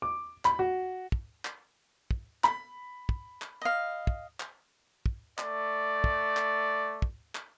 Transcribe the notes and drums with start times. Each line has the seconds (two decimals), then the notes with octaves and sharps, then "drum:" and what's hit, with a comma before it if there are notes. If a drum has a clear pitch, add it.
0.02 D6
0.45 B5, drum: clap
0.59 F#4
1.12 drum: kick
1.45 drum: clap
2.11 drum: kick
2.44 B5, drum: clap
3.09 drum: kick
3.42 drum: clap
3.62 D#5 F5
4.07 drum: kick
4.40 drum: clap
5.06 drum: kick
5.38 A3 D5, drum: clap
6.04 drum: kick
6.37 drum: clap
7.02 drum: kick
7.35 drum: clap